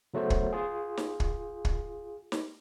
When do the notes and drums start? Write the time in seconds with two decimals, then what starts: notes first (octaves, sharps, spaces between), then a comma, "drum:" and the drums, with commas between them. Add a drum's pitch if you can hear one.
0.14 C#3 F#3 A3 B3 C5
0.30 drum: kick
0.53 F4 G#4
0.97 drum: snare
1.20 drum: kick
1.65 drum: kick
2.32 drum: snare